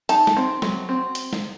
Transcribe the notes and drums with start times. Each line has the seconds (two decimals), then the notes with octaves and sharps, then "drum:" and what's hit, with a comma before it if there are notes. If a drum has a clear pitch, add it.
0.09 D#4 A5, drum: hi-hat
0.27 drum: snare
0.37 C4
0.62 F#3, drum: snare
0.89 C4
1.15 drum: hi-hat
1.33 drum: snare